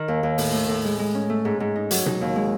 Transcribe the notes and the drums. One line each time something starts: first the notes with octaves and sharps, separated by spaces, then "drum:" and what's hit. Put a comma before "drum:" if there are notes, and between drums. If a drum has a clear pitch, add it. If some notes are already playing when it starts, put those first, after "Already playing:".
Already playing: D#3
D#2
D#2
A2, drum: open hi-hat
A3
A2
G#3
G#3
C#4
A3
G#2
G#2
D#4
F#3, drum: hi-hat
D#4, drum: tom B2
D#2
G#3